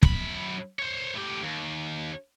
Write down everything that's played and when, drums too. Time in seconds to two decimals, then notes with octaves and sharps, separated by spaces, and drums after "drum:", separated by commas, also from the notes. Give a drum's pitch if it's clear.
0.03 F#2 B5, drum: kick
0.79 C5 C#5
1.15 A2 G4
1.43 D#2